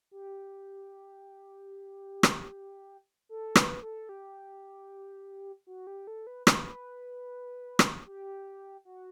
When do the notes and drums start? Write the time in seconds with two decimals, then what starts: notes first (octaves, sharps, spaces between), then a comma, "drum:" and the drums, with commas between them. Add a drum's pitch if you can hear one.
0.11 G4
2.23 drum: rim click
3.29 A4
3.55 B4, drum: rim click
3.82 A4
4.09 G4
5.67 F#4
5.87 G4
6.07 A4
6.27 B4
6.47 B4, drum: rim click
7.79 drum: rim click
8.06 G4
8.85 F#4